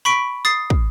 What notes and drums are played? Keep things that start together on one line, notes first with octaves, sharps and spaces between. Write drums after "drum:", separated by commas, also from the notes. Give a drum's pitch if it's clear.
B5 C#6 B6 D7
D#6 A6 C7
drum: kick